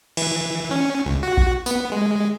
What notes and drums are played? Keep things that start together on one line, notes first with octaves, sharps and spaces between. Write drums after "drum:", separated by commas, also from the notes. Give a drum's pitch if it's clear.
E3, drum: cymbal
C#4
C#2
F#4
drum: kick A#1
B3, drum: tambourine
G#3